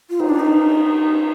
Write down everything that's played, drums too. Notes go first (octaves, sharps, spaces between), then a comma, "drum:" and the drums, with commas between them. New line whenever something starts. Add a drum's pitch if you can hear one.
F4
D#4, drum: cymbal
D4
D#4